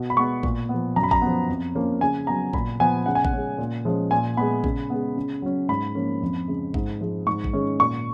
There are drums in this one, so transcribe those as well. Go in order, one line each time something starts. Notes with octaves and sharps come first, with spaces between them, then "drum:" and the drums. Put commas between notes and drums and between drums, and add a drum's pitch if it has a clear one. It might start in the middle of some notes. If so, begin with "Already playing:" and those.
Already playing: B2
B5
G#3 B3 C#6
A#2, drum: kick A1
F3 B3
F#2 A#5
B5
A#5, drum: kick A1
F3 B3
F2
F3 A#3 C#4
C#3 G#5
F#3 B3 A#5
A#2 B5, drum: kick A1
F3 B3 G#5
C#3 F#5
G#5
F#5, drum: kick A1
G#3 C#4
A#2
F3 G#3 C#4
A#2 G#5
G#3 B3 B5
C#3, drum: kick A1
G#3 B3
C#3
F#3 C#4
G#2 B5
F3 A#3 C#4
F2
C#3 G#3
G#2, drum: kick A1
F3 G#3
G#2 C#6
drum: kick A1
D#3 G#3 C#4
A#2 C#6